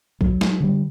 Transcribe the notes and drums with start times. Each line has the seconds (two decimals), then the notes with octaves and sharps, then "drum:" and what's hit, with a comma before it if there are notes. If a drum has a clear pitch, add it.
0.21 F#3, drum: kick
0.41 drum: snare
0.60 D3 G3